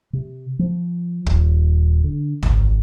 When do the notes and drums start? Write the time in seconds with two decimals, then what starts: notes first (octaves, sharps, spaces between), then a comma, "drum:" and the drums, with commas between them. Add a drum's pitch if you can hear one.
0.13 C3
0.59 F3
1.26 D#1, drum: kick
2.04 D3
2.43 G#1, drum: tom